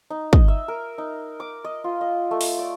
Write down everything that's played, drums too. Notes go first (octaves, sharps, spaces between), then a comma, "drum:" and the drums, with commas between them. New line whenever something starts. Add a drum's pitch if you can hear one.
D#4
D#5, drum: kick
E5
A#4
D#4
D6
D#5
F4
D#5
A3
drum: open hi-hat
D5